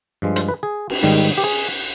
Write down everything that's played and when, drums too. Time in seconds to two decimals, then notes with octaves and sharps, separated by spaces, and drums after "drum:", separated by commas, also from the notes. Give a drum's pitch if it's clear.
0.22 G2 F3 G#3
0.36 C5, drum: hi-hat
0.49 B4
0.63 G#4
0.90 drum: cymbal
1.03 G#2 D#3 G3
1.38 G4
1.44 G#4